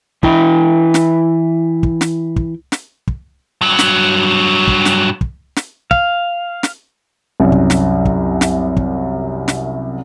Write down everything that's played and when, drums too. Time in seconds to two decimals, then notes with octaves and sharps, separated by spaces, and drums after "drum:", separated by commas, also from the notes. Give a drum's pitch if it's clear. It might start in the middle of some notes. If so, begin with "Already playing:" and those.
0.23 E3 E4 G5, drum: kick
0.94 drum: snare
1.83 drum: kick
2.01 drum: snare
2.36 drum: kick
2.72 drum: snare
3.07 drum: kick
3.61 G2 F#3
3.79 drum: snare
4.68 drum: kick
4.85 drum: snare
5.21 drum: kick
5.56 drum: snare
5.91 F5, drum: kick
6.63 drum: snare
7.40 C2 F#2
7.52 drum: kick
7.70 drum: snare
8.05 drum: kick
8.41 drum: snare
8.77 drum: kick
9.48 drum: snare